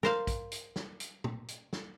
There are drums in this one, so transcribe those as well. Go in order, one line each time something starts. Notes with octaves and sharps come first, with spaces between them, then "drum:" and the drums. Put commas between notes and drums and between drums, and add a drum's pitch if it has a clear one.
A#4 C5 F5, drum: snare
drum: kick A#1, hi-hat
drum: hi-hat
drum: snare
drum: hi-hat
drum: tom A#2
drum: hi-hat
drum: snare